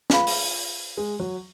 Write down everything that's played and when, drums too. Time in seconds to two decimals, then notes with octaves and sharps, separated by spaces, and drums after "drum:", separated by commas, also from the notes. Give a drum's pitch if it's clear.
0.10 F4 G#4 B4 F5 B5, drum: snare
0.27 drum: open hi-hat
0.97 G#3
1.20 F#3